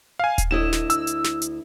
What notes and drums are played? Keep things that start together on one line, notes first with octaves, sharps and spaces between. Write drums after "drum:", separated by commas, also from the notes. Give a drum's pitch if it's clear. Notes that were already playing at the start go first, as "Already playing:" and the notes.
F5 G#5
drum: kick D#1, hi-hat
D2 E4 D#5 E7
drum: snare
E6, drum: hi-hat
drum: hi-hat
drum: snare
drum: hi-hat